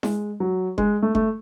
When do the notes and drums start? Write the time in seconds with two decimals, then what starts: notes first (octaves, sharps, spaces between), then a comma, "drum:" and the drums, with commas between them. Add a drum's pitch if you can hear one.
0.03 G#3, drum: snare E4
0.40 F#3
0.78 G#3, drum: kick F#1
1.02 A3
1.15 A3, drum: kick F#1